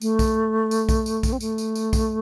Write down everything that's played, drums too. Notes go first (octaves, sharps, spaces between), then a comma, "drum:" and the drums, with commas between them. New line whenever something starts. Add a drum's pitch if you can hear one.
A3, drum: tambourine
drum: kick B1, tambourine
drum: tambourine
drum: kick B1, tambourine
drum: tambourine
drum: kick B1, tambourine
C4
A3, drum: tambourine
drum: tambourine
drum: tambourine
drum: kick B1, tambourine